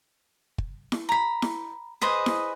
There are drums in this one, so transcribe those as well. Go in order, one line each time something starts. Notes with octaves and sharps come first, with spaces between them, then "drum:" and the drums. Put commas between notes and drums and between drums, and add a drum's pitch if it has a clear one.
drum: kick
drum: snare E4
A#5 B5
drum: snare E4
G#4 B4 C5 D#5
drum: snare E4